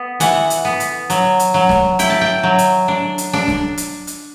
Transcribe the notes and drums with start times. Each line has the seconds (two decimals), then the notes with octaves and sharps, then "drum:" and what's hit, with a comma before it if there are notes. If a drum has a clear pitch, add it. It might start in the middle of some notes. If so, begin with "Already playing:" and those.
Already playing: B3
0.20 E3 F#5, drum: hi-hat
0.50 drum: hi-hat
0.65 B3
0.80 drum: hi-hat
1.10 F#3, drum: hi-hat
1.39 drum: hi-hat
1.54 F#3
1.69 drum: snare
1.99 E4 G5, drum: hi-hat
2.10 A5
2.21 G5
2.43 F#3
2.58 drum: hi-hat
2.88 D4
3.18 drum: hi-hat
3.33 D4
3.48 drum: snare
3.77 drum: hi-hat
4.07 drum: hi-hat